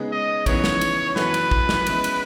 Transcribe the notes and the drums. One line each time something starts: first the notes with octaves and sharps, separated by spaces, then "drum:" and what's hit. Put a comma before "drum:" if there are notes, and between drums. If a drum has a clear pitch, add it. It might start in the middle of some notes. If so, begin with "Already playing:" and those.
Already playing: C#3 G#3 B3 D#4 G#4
D#5
C#3 E3 B3 D#4 C#5, drum: kick, cymbal
drum: snare
drum: cymbal
F#2 E3 B3 F#4 A4 B4, drum: snare
drum: cymbal
drum: kick
drum: snare
C#3 G#3 B3 E4, drum: cymbal
drum: cymbal